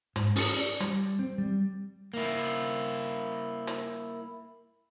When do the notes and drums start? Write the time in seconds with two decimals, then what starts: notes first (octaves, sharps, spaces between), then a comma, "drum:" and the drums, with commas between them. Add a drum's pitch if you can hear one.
0.16 G#2, drum: hi-hat
0.36 C#4, drum: open hi-hat
0.57 D5
0.80 G3, drum: hi-hat
1.19 C4
1.38 G3
2.14 A#3 E4
3.67 drum: hi-hat